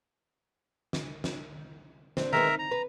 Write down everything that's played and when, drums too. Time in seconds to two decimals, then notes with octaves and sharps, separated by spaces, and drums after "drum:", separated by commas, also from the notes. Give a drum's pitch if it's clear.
0.93 drum: snare
1.24 drum: snare
2.17 C4 D4, drum: snare
2.32 D#3 G#3 B3 A#4 E5 A#5
2.47 D#4
2.59 A#5
2.71 B4